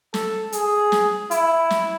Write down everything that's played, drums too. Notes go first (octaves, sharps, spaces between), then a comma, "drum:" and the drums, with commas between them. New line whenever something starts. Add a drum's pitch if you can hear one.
A4, drum: snare
G#4, drum: hi-hat
drum: snare
E4, drum: hi-hat
drum: snare